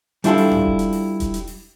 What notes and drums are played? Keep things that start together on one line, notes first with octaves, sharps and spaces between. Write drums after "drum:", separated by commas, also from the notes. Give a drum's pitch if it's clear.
G3 D4 E4 F4 A4, drum: hi-hat
drum: open hi-hat
drum: tom G#2
drum: kick E1
drum: hi-hat
drum: open hi-hat
drum: kick E1, hi-hat
drum: hi-hat
drum: open hi-hat